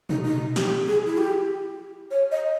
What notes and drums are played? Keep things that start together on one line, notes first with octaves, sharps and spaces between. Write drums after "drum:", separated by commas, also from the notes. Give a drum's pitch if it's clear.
D#4, drum: tom B2
D#4
G4, drum: snare
G#4
E4
G4
C#5
D#5